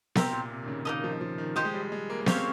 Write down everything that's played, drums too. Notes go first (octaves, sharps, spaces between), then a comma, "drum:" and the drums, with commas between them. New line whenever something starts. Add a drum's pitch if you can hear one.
C3 C4 G4 A#4, drum: snare B3
A#2
C3
D#3
C#3
C#3
D#3 A#3 D#4 A#4 D#5
F3
F3
D#3
F3 D#4 G4 C5 D#5
G#3
G3
G#3
A#3
A#3
C4 C#4 G4 C#5 F5, drum: snare B3